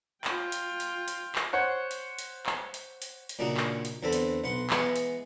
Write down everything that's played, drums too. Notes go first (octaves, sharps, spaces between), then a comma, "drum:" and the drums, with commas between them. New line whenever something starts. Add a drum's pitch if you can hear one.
F4 G5, drum: clap
drum: hi-hat
drum: hi-hat
drum: hi-hat
drum: clap
C5 C#5 F#5
drum: hi-hat
drum: hi-hat
drum: clap
drum: hi-hat
drum: hi-hat
drum: hi-hat
A#2 C#3 D4 D#4 F#4
drum: clap
drum: hi-hat
E2 D3 C4 A4 B5
drum: hi-hat
B1 B4 F#5 C6
E3 G#3 B3, drum: clap
drum: hi-hat